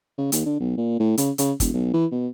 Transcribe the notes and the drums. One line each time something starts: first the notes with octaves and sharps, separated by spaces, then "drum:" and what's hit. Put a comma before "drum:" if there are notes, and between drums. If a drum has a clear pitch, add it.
C#3
D#2, drum: hi-hat
D3
B1
A#2
A2
C#3, drum: hi-hat
C#3, drum: hi-hat
E1, drum: kick, hi-hat
B1
E3
B2